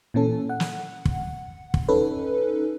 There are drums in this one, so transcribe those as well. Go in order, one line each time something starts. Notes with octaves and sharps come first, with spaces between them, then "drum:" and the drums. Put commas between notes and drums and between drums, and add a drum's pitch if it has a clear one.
A#2 E3 C#4 A4
F#5
drum: snare
drum: kick
drum: kick
C#4 D#4 A4 B4